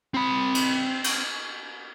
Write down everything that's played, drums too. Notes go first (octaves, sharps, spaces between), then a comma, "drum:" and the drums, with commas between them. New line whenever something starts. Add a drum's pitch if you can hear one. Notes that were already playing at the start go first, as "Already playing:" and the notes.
C4 B5
drum: cymbal
drum: cymbal